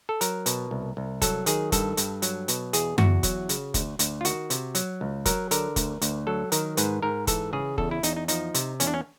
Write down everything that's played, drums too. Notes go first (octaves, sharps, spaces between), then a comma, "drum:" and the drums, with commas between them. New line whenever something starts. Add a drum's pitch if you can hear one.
A4
F#3 A#4, drum: hi-hat
B2, drum: hi-hat
C2
C2
F#3 A4, drum: kick F1, hi-hat
D#3 G#4, drum: hi-hat
G2 A4, drum: kick F1, hi-hat
G2, drum: hi-hat
F#3, drum: hi-hat
B2, drum: hi-hat
E2 G#4, drum: hi-hat
E2 F#4, drum: tom F#2
F#3, drum: kick F1, hi-hat
C#3, drum: hi-hat
D2, drum: kick F1, hi-hat
D2, drum: hi-hat
F4
D#3 F#4, drum: hi-hat
C3, drum: hi-hat
F#3, drum: hi-hat
C#2
F#3 A#4, drum: kick F1, hi-hat
D3 A#4, drum: hi-hat
D2, drum: kick F1, hi-hat
D2, drum: hi-hat
F#3 A4
D#3 A#4, drum: hi-hat
G#2 B4, drum: hi-hat
G#2 A#4
E3 A4, drum: kick F1, hi-hat
C#3 G#4
E2 A4, drum: kick F1
E4
E2 D#4, drum: hi-hat
D#4
F3 D#4, drum: hi-hat
C3, drum: hi-hat
E2 C#4, drum: hi-hat
D4
C#4